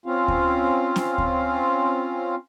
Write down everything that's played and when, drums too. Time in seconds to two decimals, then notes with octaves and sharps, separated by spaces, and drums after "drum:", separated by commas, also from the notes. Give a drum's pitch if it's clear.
0.06 C4 C#4 F4 F5
0.28 drum: kick D2
0.96 drum: snare C4
1.18 drum: kick D2